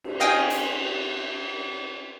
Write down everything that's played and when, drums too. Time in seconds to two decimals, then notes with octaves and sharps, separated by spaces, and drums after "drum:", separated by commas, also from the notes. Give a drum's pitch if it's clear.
0.04 drum: cymbal
0.20 D#5 F5 G5 G#5 D#6, drum: cymbal
0.50 drum: hi-hat